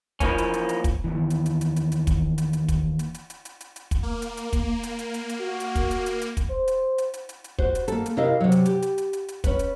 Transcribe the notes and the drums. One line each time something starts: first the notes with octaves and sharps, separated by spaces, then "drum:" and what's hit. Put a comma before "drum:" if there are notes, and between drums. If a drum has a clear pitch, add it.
E3 F3 A#3 C#4, drum: kick, hi-hat
drum: hi-hat
drum: hi-hat
drum: hi-hat
drum: kick, hi-hat
D#2 G#2 E3
drum: hi-hat
drum: hi-hat
drum: hi-hat
drum: hi-hat
drum: hi-hat
drum: kick, hi-hat
drum: hi-hat
drum: hi-hat
drum: kick, hi-hat
drum: hi-hat
drum: hi-hat
drum: hi-hat
drum: hi-hat
drum: hi-hat
drum: hi-hat
drum: kick, hi-hat
A#3
drum: hi-hat
drum: hi-hat
drum: kick, hi-hat
drum: hi-hat
drum: hi-hat
drum: hi-hat
drum: hi-hat
F#4
drum: hi-hat
drum: kick, hi-hat
drum: hi-hat
drum: hi-hat
drum: hi-hat
drum: kick, hi-hat
C5
drum: hi-hat
drum: hi-hat
drum: hi-hat
drum: hi-hat
drum: hi-hat
F#4 C5, drum: kick
drum: hi-hat
A#3 A4, drum: hi-hat
drum: hi-hat
C3 E4 A#4 D#5 F5
C3 F#3
drum: hi-hat
G4, drum: hi-hat
drum: hi-hat
drum: hi-hat
drum: hi-hat
drum: hi-hat
C#4 B4, drum: kick, hi-hat
drum: hi-hat